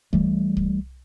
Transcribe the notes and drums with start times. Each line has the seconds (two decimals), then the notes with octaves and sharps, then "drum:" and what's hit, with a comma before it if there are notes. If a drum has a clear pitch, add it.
0.13 E3 G3 A3, drum: kick C2
0.57 drum: kick C2